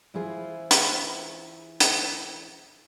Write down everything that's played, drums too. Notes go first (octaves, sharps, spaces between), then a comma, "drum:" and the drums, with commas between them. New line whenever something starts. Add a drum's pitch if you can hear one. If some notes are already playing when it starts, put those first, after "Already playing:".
E3 E4 F4 G#4 C5
drum: hi-hat
drum: hi-hat